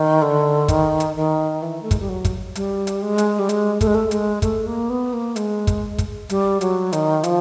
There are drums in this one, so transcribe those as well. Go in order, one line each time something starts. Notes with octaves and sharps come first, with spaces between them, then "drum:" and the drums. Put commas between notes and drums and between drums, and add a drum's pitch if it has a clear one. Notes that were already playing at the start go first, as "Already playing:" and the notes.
Already playing: D#3
D3
D#3, drum: kick, hi-hat
drum: hi-hat
D#3
E3
A3
G#3, drum: kick, hi-hat
G3
F#3
drum: kick, hi-hat
G3, drum: hi-hat
drum: hi-hat
G#3
drum: hi-hat
G3
G#3, drum: hi-hat
A3, drum: kick, hi-hat
G#3
A3
G#3, drum: hi-hat
A3, drum: kick, hi-hat
A#3
B3
A#3
G#3, drum: hi-hat
drum: kick, hi-hat
drum: kick, hi-hat
G3, drum: hi-hat
F#3, drum: hi-hat
D#3, drum: hi-hat
F3, drum: hi-hat